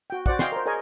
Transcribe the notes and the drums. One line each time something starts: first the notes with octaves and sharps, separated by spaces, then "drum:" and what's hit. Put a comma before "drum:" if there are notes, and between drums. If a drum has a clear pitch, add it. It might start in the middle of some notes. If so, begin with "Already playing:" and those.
F#4 G5
F#4 C5 D5 F#5, drum: kick
D#5 F5 G5 G#5 C6, drum: snare
A#4 C5
G#4 A#4 C#5 D#5 G#5